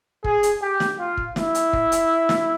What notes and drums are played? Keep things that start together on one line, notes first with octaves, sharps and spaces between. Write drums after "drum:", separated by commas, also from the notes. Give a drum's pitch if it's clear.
G#4, drum: kick
drum: hi-hat
G4
drum: snare
F4
drum: kick
E4, drum: snare
drum: hi-hat
drum: kick
drum: hi-hat
drum: snare